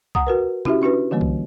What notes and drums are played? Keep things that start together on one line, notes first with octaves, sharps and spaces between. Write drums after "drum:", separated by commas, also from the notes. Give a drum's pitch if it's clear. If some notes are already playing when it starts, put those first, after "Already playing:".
F#5 A#5 D#6, drum: kick
F#4 A#4 B4
C#4 E4 F#4 G4 E5, drum: tom C3
C#4 D4 F#4 B4
D3 E3 G3 A#3
drum: kick